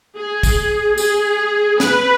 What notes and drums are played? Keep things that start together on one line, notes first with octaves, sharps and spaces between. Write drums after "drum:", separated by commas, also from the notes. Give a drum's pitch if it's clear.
G#4
drum: kick, tambourine
G#4, drum: tambourine
B4, drum: snare